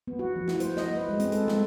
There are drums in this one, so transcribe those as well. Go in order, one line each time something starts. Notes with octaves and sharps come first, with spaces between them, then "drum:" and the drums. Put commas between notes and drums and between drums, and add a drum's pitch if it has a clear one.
B3
F#4
F3
E4, drum: snare
C5, drum: hi-hat
D#5, drum: snare
B4
G#3
C4, drum: hi-hat
A4, drum: hi-hat
G#3, drum: snare